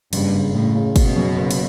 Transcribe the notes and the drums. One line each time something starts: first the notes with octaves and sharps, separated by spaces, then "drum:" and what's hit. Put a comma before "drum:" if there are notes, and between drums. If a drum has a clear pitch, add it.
F#1 G2, drum: cymbal
C#3
A2 C#3
C#3
F#1 B2, drum: kick, cymbal
F#2
F#1
drum: cymbal